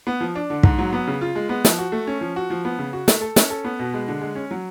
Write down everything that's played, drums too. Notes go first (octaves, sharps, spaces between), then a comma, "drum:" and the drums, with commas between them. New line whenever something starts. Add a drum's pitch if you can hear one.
B3
F3
D4
D3
G#2, drum: kick
F#3
B3
C#3
F4
G#3
B3
F3, drum: snare
F#4
A3
C#4
F3
F#4
F3
B3
C#3
F#4
A3, drum: snare
A4
C#4, drum: snare
A4
B3
B2
G#3
D3
G#3
C#4
F#3